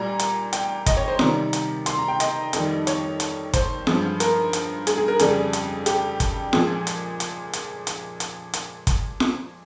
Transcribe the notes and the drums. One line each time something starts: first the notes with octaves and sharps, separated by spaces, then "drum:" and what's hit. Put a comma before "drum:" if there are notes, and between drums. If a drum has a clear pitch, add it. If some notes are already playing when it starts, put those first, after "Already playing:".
Already playing: A#2 G3 A#5
drum: hi-hat
G5, drum: hi-hat
D#5, drum: kick, hi-hat
C#5
C5
C3 D#3 G3 A#5, drum: snare F4
drum: hi-hat
C6, drum: hi-hat
A#5
G5
D#5, drum: hi-hat
F2 D#3 G3, drum: hi-hat
C#5, drum: hi-hat
drum: hi-hat
C5, drum: kick, hi-hat
G2 F3 G#3, drum: snare F4
A#4, drum: hi-hat
drum: hi-hat
G#4, drum: hi-hat
G#4
A#4
F2 C#3 G3 G#4, drum: hi-hat
drum: hi-hat
G4, drum: hi-hat
drum: kick, hi-hat
A#2 F3 G#3 G#4, drum: snare F4
drum: hi-hat
drum: hi-hat
drum: hi-hat
drum: hi-hat
drum: hi-hat
drum: hi-hat
drum: kick, hi-hat
drum: snare F4